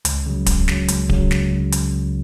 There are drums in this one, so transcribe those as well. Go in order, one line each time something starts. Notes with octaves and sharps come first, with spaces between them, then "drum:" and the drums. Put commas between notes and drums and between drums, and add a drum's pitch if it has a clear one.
C#2, drum: hi-hat
C#3 F#3
C#2, drum: kick D1, hi-hat
C#3 F#3, drum: snare
C#2, drum: hi-hat
C#3 F#3, drum: kick D1
C#2, drum: snare
C#3 F#3
drum: hi-hat